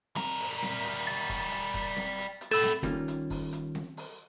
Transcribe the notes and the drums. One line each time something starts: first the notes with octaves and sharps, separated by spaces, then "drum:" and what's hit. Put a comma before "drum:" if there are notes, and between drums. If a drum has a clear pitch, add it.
G3 A#4, drum: snare C4
drum: open hi-hat
drum: snare C4
drum: hi-hat
A6, drum: hi-hat
drum: kick, hi-hat
drum: hi-hat
drum: kick, hi-hat
drum: snare C4
drum: hi-hat
drum: hi-hat
B2 A3 A4 E6
drum: snare C4
D#3 G3 A#3 C#4 F4, drum: kick, hi-hat
drum: hi-hat
drum: kick, open hi-hat
drum: hi-hat
drum: snare C4
drum: open hi-hat